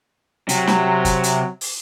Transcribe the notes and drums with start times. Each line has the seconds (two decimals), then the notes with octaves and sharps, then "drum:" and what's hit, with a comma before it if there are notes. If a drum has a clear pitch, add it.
0.49 C3 F#3, drum: hi-hat
0.67 drum: snare
1.05 drum: kick, hi-hat
1.24 drum: hi-hat
1.61 drum: open hi-hat